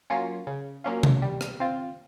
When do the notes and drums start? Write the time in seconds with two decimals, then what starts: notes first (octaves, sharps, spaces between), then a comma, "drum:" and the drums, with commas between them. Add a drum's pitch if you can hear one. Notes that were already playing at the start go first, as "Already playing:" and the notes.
0.10 F#3 A#3 C#4 F4
0.47 C#3
0.84 F#3 A#3 C#4 F4
1.03 drum: tom C3
1.22 G3
1.41 drum: rim click
1.60 C4 F4